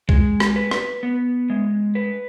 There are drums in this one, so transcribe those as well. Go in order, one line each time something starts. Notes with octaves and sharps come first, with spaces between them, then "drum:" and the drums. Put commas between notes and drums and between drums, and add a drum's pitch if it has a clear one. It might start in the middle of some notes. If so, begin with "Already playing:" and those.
G#3, drum: kick C2
drum: rim click
B4
drum: rim click
B3
G#3
B4